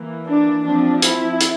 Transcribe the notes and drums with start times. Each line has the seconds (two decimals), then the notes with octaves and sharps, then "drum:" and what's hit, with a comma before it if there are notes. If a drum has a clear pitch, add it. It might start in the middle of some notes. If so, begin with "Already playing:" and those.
Already playing: E3 A#3
0.26 D4
0.64 F3 C4 D4
1.02 E4, drum: hi-hat
1.41 drum: hi-hat